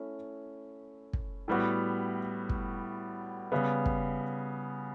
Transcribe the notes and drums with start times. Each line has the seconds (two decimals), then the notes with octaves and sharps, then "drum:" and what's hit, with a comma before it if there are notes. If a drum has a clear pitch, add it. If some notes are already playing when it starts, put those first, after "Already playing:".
Already playing: A3 C#4 E4
1.13 drum: kick
1.48 A2 G3 B3 F#4
2.50 drum: kick
3.52 C#3 G3 B3
3.86 drum: kick